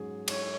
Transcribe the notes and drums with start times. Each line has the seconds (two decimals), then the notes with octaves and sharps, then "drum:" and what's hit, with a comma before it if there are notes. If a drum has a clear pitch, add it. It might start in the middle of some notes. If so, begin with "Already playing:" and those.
Already playing: G#2 F#3 C#4 G#4
0.28 G#2 C#5, drum: cymbal